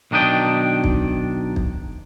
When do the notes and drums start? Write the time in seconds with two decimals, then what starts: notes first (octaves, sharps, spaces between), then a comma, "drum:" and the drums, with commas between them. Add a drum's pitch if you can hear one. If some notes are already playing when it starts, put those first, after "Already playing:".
0.11 B1 D#3 D4 D#5 G5
0.84 drum: kick
1.56 drum: kick